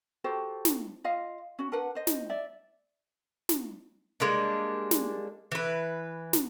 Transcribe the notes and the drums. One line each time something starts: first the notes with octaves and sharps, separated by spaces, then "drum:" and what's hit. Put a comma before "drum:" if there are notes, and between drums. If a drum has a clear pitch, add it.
F#4 G4 A4 C5
drum: snare
F4 D#5 F5
C#4 F#4
D4 A#4 B4 F#5
C5 D#5
drum: snare
D5 E5
drum: snare
G3 G#3 A#3 D4
drum: snare
E3 B4
drum: snare